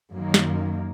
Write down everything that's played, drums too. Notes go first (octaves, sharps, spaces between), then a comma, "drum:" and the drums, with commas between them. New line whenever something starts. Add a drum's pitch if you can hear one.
F#2 D#3 A#3
drum: snare